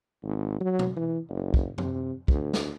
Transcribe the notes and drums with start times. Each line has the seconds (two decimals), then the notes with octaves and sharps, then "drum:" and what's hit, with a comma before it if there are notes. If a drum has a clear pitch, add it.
0.24 G#1
0.61 F#3
0.79 drum: tom B2
0.96 E3
1.29 F#1
1.54 drum: kick
1.78 C3, drum: tom F#2
2.28 D2, drum: kick
2.53 drum: snare